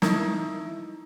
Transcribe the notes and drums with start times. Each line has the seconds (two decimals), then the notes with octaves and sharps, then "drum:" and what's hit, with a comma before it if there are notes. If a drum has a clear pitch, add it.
0.02 D#4 E4, drum: snare